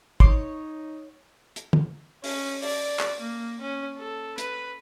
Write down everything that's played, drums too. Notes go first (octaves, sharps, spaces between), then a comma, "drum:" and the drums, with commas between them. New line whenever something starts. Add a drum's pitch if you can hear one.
D#4 C#5 C6 D6, drum: kick
drum: hi-hat
drum: tom D3
C#4, drum: open hi-hat
D5, drum: open hi-hat
drum: clap
A#3
C#4
A4
B4, drum: hi-hat